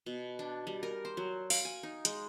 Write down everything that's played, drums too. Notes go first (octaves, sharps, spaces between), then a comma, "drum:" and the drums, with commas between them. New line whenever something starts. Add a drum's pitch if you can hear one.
B2
D4
G3
A#4
C5
F#3
F5, drum: open hi-hat
G#5
D#4
G#3, drum: hi-hat